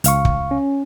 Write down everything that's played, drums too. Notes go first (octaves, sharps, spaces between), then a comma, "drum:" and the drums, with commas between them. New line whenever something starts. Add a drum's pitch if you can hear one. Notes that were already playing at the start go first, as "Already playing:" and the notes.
C#2 F5 C#6, drum: hi-hat
drum: kick
C#4